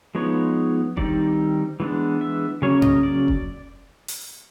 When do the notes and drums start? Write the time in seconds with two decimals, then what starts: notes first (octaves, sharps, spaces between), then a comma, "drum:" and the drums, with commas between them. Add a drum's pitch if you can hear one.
0.15 F3 G#3 B3 D#4 C#5
0.97 D#3 G3 C4 D#4 D5, drum: kick F1
1.80 E3 G#3 B3 D4
2.21 E5
2.62 C#3 F#3 A#3 C#4 C#5
2.82 D#5, drum: tom G2
3.03 D5
3.28 drum: kick F1
4.08 drum: open hi-hat